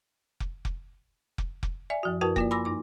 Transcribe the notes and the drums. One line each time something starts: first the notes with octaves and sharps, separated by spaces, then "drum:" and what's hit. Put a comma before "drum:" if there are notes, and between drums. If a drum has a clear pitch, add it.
drum: kick F1
drum: kick F1
drum: kick F1
drum: kick F1
D5 E5 G#5
F#2 F3 F#4
F#2 E4 F#4 A#4 B4 A5
A#3 F4 D5, drum: kick F1
G#5 B5 C6 D6 E6 A#6
G2 D#4 D6